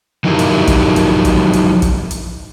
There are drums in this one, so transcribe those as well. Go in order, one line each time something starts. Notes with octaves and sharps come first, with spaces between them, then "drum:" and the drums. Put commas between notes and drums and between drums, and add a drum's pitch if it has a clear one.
F3 F#3 D#4 E4 G4 A#4
drum: hi-hat
drum: kick, hi-hat
drum: hi-hat
drum: kick, hi-hat
drum: hi-hat
drum: kick, hi-hat
drum: hi-hat